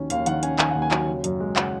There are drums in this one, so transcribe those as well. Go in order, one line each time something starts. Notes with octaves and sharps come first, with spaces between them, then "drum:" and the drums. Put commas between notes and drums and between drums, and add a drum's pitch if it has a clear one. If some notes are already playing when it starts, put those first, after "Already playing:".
Already playing: D#2 D#3 F#3 C#4
D#2 F5, drum: hi-hat
D#3 F#5, drum: hi-hat
C#4 G#5, drum: hi-hat
D#3 G#5, drum: clap
D#2 F#5
G#5
F#3, drum: clap
C#3
F#2, drum: hi-hat
G#3
C#3 F#5, drum: clap